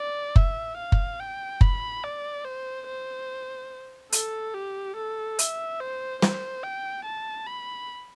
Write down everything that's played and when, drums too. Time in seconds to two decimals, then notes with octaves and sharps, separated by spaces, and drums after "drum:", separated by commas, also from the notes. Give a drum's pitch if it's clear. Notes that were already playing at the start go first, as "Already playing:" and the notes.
Already playing: D5
0.36 E5, drum: kick F#1
0.77 F5
0.92 drum: kick F#1
1.20 G5
1.61 B5, drum: kick F#1
2.04 D5
2.45 C5
2.87 C5
4.12 A4, drum: hi-hat
4.54 G4
4.96 A4
5.39 E5, drum: hi-hat
5.81 C5
6.22 C5, drum: snare
6.63 G5
7.05 A5
7.47 B5